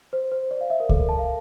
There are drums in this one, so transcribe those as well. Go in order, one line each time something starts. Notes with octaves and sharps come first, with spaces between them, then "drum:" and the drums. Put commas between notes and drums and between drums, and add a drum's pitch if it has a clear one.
C5
C5
D5
F5
E5
A#4
A4, drum: kick C#2
A#4
A5
F5